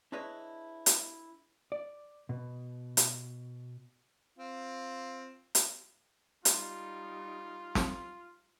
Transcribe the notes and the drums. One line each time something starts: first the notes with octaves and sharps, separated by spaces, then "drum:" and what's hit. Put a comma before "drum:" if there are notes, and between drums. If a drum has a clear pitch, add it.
D4 E4 G#4 B4 C#5 D#5
drum: hi-hat
D5
B2
drum: hi-hat
C4 F4
drum: hi-hat
G3 D#4 F4, drum: hi-hat
drum: snare